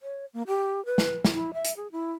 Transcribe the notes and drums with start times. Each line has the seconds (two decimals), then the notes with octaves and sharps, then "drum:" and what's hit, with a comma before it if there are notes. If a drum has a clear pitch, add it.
0.02 C#5
0.34 A#3
0.47 G4
0.86 B4
0.98 drum: snare
1.25 drum: snare
1.34 E4
1.54 E5
1.64 drum: hi-hat
1.77 G#4
1.92 E4